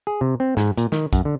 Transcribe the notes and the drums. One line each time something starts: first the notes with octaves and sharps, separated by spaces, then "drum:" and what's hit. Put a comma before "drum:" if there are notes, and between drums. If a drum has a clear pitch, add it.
G#4
C3
C4
G#2, drum: snare
A#2, drum: hi-hat
D#3, drum: snare
F#2, drum: kick, hi-hat
D3